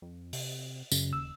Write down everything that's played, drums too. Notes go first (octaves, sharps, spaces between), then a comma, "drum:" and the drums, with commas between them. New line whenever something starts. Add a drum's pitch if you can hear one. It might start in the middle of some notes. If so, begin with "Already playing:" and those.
F2
C3, drum: open hi-hat
F#2 C#3, drum: tambourine
D#1 E6